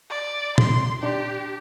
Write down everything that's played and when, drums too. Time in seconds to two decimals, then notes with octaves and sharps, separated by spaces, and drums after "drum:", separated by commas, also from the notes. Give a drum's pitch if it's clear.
0.10 D5
0.58 C6, drum: tom A#2
1.03 D4 G4